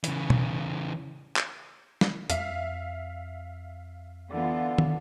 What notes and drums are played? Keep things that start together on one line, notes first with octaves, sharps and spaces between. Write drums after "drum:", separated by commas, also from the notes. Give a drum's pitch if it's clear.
C#3 E3, drum: hi-hat
drum: tom
drum: clap
drum: snare
F2 E5 F5, drum: hi-hat
D3 E3 B3 F4
drum: tom